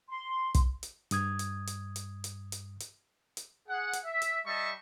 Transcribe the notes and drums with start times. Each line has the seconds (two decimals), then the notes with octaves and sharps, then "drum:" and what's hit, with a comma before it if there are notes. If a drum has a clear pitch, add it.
0.08 C6
0.55 drum: kick, hi-hat
0.83 drum: hi-hat
1.11 G2 D#6 G#6, drum: hi-hat
1.39 drum: hi-hat
1.68 drum: hi-hat
1.96 drum: hi-hat
2.24 drum: hi-hat
2.52 drum: hi-hat
2.81 drum: hi-hat
3.37 drum: hi-hat
3.69 G#4 F#5
3.94 drum: hi-hat
4.05 E5
4.22 drum: hi-hat
4.46 G3 D#5 E5 A5 C#6